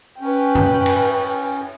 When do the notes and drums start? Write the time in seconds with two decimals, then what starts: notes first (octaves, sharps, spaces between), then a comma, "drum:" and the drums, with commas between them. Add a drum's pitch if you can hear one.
0.21 C#4 B4 G5
0.55 drum: tom F#2
0.86 drum: cymbal